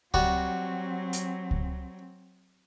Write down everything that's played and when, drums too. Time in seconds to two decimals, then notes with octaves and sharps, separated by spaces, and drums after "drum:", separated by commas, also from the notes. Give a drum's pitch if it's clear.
0.14 F#3 G3 C4 F#4, drum: kick C#2
1.13 drum: hi-hat
1.51 drum: kick C#2